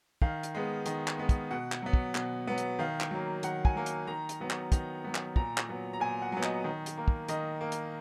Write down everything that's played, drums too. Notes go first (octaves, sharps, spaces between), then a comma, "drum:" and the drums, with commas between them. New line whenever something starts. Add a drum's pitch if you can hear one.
D#3 F5, drum: kick
drum: hi-hat
G#3 B3
D#3, drum: hi-hat
drum: clap
G#3 B3
drum: kick, hi-hat
B2 F#5
drum: clap
F#3 B3
drum: kick
B2, drum: clap
F#3 B3
drum: hi-hat
D#3 F5
drum: clap
F#3 A#3
D#3 F#5, drum: hi-hat
G#5, drum: kick
F#3 A#3
drum: hi-hat
D#3 A#5
drum: hi-hat
F#3 B3
drum: clap
D#3 A#5, drum: kick, hi-hat
F#3 B3
drum: clap
A#2 A#5, drum: kick
drum: clap
F#3 B3
A#5
A#2 G#5
F#5
F#3 B3
D#5, drum: clap
D#3
drum: hi-hat
A#3
drum: kick
D#3 D#5, drum: hi-hat
A#3
drum: hi-hat